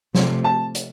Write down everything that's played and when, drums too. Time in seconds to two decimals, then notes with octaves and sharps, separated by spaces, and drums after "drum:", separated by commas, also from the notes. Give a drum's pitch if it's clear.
0.15 C3 F3 A3, drum: snare
0.44 A5
0.75 drum: hi-hat